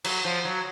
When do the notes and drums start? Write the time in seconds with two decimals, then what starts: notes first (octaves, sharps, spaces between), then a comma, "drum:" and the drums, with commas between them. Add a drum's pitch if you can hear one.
0.04 F#3, drum: cymbal
0.24 F3
0.45 F#3